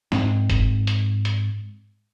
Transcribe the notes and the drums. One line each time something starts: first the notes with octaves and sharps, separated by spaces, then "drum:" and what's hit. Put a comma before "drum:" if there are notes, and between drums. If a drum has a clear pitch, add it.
G#2 G#3 C4, drum: snare
drum: kick, hi-hat
drum: hi-hat
drum: hi-hat